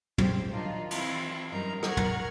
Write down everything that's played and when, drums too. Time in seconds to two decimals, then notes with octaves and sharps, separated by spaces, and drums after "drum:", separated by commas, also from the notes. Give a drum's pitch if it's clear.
0.18 G3 G#3 G4 C5, drum: tom
0.51 D#3 F#3 D4 D#4 F4
0.91 E3 C4 E4 F4, drum: cymbal
1.51 F#2 G3 D#4 A#4 A#5
1.83 A#4 F#5 C#6 F6 G#6, drum: rim click
1.97 drum: tom